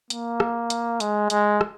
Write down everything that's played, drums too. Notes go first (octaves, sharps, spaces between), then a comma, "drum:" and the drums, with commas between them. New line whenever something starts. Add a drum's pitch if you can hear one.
A#3, drum: hi-hat
drum: rim click
drum: hi-hat
G#3, drum: hi-hat
G#3, drum: hi-hat
drum: rim click